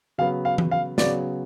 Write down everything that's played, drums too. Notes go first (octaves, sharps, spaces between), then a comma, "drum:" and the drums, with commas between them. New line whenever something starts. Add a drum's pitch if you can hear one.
C#3 F#3 B3 F5
F5
drum: tom E3
F5
C#3 F#3 B3 D5, drum: snare